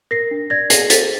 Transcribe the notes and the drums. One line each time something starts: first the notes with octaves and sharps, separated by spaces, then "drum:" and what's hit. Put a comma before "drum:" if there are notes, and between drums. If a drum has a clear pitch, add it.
A#4 A#6 C7
D4
D5 G#6 A#6
G#4 A#6 C7, drum: hi-hat
C5 A6 B6, drum: hi-hat